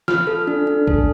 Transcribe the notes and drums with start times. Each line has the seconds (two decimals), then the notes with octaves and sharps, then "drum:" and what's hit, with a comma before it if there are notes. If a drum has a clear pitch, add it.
0.08 F4 F6, drum: snare
0.27 A4
0.47 D4
0.67 D4
0.87 A4, drum: kick A1